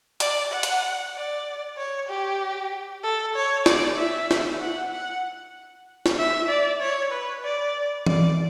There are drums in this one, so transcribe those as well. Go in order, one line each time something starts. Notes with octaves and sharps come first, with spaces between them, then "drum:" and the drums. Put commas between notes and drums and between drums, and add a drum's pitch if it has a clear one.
D5, drum: hi-hat
F#5
drum: hi-hat
D5
C#5
G4
A4
C#5
D5, drum: snare
E5
drum: snare
F#5
F#5
drum: snare
E5
D5
C#5
B4
D5
D5, drum: tom E3